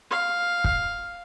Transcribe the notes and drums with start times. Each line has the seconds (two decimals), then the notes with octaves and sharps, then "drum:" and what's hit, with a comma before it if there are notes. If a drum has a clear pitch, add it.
0.11 F5
0.64 drum: kick